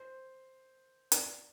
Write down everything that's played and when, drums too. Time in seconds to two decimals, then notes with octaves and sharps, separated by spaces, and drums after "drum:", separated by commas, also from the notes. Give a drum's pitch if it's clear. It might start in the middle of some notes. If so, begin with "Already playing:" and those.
Already playing: C5
1.12 D5, drum: hi-hat